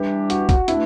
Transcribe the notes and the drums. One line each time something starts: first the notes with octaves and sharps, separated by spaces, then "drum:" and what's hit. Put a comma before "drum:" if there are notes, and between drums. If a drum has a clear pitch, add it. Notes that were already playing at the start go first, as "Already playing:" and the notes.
Already playing: E3 G3 D4 G4
F#4, drum: hi-hat
F#4, drum: kick, hi-hat
E3 A3 D4 E4, drum: hi-hat